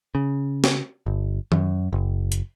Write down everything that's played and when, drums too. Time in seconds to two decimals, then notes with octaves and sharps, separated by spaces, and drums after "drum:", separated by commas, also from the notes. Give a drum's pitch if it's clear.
0.15 C#3
0.64 drum: snare
1.06 G1
1.52 F#2, drum: tom D#3
1.93 F#1
2.32 drum: hi-hat